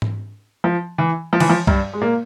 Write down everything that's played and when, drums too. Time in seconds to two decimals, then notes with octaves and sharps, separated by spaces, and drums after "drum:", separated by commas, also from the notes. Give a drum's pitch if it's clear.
0.02 drum: tom G#2
0.64 F3
0.98 E3
1.33 F3
1.40 E3, drum: cymbal
1.49 F3
1.67 G2 G3, drum: kick C2
1.93 G#3
2.01 A#2 A#3